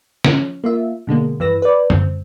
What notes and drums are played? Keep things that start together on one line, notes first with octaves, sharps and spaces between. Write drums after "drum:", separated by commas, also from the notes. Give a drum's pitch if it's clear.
F3 C#4, drum: snare
A#3 F4 E5
B2 D3 G#3 A#3
G2 E3 B4 E6 A#6
B4 D5
C4, drum: tom